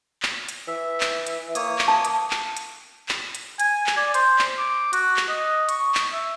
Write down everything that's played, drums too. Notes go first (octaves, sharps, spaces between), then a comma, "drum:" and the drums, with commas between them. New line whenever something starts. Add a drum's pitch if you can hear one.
drum: clap
drum: hi-hat
E3 E5
drum: clap
drum: hi-hat
A#3 C#5 D#6, drum: hi-hat
drum: clap
A5
drum: hi-hat
drum: clap
drum: hi-hat
drum: clap
drum: hi-hat
G#5, drum: hi-hat
drum: clap
D5
C5, drum: hi-hat
drum: clap
D6
F#4, drum: hi-hat
drum: clap
D#5
C#6, drum: hi-hat
drum: clap
E5